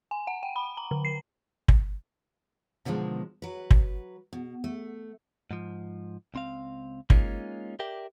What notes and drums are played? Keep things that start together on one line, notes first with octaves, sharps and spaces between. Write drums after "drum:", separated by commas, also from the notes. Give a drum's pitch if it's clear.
G#5
F#5
G5
B5
A#5
D3
C7
drum: kick
B2 D3 D#3 F3 G#3
F#3 B4
drum: kick
B2
A3
G#2 F3
C#2 C4 F5
G#3 A#3 C#4 D#4 F4, drum: kick
G4 A#4 D5 E5 G5